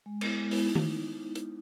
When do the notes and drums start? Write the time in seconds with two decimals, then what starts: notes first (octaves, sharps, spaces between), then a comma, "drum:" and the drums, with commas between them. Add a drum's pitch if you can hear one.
0.06 G#3
0.21 B3 E4, drum: cymbal
0.35 G#3
0.51 B3 E4, drum: open hi-hat
0.66 D#4
0.75 drum: tom D#3
1.35 drum: hi-hat